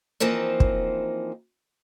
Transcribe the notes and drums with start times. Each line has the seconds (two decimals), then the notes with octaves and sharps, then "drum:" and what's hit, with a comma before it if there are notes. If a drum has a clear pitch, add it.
0.20 E3 F3 A#3 C4 D#4
0.60 drum: kick